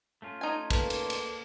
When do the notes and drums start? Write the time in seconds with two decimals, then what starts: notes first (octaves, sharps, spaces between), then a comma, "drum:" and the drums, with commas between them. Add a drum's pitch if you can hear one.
0.22 A3 C#4 F4
0.41 D#4 G#5
0.70 A#3 A4 B4 A5, drum: kick, cymbal
0.90 drum: cymbal
1.10 drum: cymbal